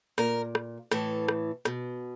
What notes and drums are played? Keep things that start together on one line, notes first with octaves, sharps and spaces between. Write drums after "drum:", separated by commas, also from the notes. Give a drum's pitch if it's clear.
A#2 A#4, drum: rim click
drum: rim click
A2 E3 A4, drum: rim click
drum: rim click
B2, drum: rim click